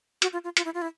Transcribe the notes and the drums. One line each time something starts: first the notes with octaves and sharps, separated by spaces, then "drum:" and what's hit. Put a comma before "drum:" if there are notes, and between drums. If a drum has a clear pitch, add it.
F#4, drum: hi-hat
F4
F4
F4, drum: hi-hat
E4
F4
E4